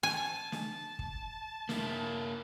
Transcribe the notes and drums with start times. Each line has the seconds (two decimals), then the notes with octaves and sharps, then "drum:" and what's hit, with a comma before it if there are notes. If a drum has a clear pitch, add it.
0.03 G#5 A5
0.52 drum: snare
0.99 drum: kick
1.69 A#3 E4, drum: snare